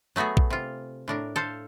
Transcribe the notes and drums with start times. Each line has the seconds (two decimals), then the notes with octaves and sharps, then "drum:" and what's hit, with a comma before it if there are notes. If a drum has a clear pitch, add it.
0.16 F#3 A3 B3 F#4 G#4
0.37 drum: kick A#1
0.50 C3 F4
1.08 A2 D4 A#4
1.36 A4 C5 F5